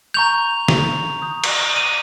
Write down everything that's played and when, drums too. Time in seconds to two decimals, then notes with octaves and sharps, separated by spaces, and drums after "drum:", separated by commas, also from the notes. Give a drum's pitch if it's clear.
0.14 A#5 C#6 G6 F7
0.68 F7, drum: snare
1.22 A#5 D#6 G6
1.44 drum: cymbal
1.76 D#7